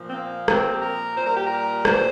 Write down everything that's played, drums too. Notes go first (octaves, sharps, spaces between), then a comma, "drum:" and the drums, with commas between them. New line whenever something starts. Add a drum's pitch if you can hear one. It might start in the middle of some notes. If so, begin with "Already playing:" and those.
Already playing: A#2 F3
C4
A#3
C4, drum: rim click
G4
A#4
A#2 G3 C5
A#4
G4
A#4
C5, drum: rim click